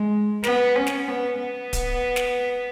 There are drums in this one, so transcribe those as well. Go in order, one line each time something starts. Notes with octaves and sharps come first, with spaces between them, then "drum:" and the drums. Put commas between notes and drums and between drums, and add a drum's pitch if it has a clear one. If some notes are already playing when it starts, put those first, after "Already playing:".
Already playing: G#3
B3, drum: snare
C#4
drum: snare
B3
B3
drum: kick D1, hi-hat
drum: snare